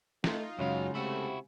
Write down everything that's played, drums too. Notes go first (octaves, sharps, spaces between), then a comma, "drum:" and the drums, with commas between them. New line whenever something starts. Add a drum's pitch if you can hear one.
A3 D#4 F4, drum: snare
F#2 C#3 F#3 G#3 C#4 F5
C3 A3 E4 F#4